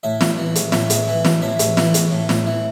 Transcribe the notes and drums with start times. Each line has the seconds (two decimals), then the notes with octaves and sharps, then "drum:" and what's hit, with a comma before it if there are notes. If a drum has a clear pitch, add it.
0.03 A2 E5
0.21 A1, drum: snare
0.38 E3
0.55 A1, drum: hi-hat
0.72 A2 E5, drum: snare
0.90 A1, drum: hi-hat
0.95 E5
1.08 E3
1.25 A1, drum: snare
1.42 A2 E5
1.59 A1, drum: hi-hat
1.77 E3, drum: snare
1.94 A1, drum: hi-hat
2.11 A2
2.29 A1, drum: snare
2.47 E3